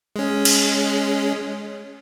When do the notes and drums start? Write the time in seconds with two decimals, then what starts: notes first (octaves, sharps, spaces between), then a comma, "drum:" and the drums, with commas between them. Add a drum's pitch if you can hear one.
0.16 G#3 C#4
0.45 drum: cymbal